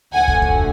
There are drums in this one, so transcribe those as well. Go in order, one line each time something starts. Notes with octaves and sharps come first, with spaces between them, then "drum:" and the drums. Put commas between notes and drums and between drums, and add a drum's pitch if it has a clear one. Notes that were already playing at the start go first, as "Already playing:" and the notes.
D2 D3 F3 A3 F#5 G#5
drum: kick
drum: kick